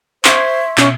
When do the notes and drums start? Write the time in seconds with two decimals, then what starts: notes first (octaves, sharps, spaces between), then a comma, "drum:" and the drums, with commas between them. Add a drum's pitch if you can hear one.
0.25 C5 E5 C6 C#6 G#6, drum: clap
0.78 B2 C#4 E5, drum: clap